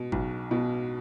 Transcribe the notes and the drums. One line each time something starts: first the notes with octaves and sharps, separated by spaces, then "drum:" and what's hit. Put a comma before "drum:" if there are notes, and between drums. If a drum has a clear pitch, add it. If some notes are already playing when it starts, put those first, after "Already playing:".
Already playing: B2
B1, drum: kick G1
B2